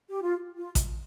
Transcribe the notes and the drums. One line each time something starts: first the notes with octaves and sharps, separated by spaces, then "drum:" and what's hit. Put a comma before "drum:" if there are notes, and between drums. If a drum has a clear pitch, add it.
G4
F4
F4
drum: kick A1, hi-hat